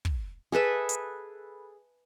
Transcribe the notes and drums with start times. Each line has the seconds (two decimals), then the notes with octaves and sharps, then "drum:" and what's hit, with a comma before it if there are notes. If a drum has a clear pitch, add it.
0.05 drum: kick
0.52 G#4 A4 B4 E5
0.89 drum: hi-hat